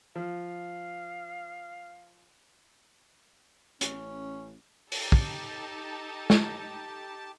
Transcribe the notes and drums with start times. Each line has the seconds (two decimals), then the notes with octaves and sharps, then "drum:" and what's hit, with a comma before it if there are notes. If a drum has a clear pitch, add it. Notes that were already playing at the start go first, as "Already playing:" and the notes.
0.16 F3 F5
3.81 A1 C#4, drum: hi-hat
4.92 D#4 G4 A4 A5, drum: open hi-hat
5.12 drum: kick
6.30 drum: snare